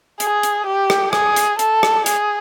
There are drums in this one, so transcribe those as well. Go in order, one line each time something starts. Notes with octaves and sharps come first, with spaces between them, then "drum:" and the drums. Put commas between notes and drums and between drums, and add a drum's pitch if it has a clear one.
G#4, drum: hi-hat
drum: hi-hat
G4
drum: rim click
G#4, drum: rim click
drum: hi-hat
A4, drum: hi-hat
drum: rim click
G#4, drum: hi-hat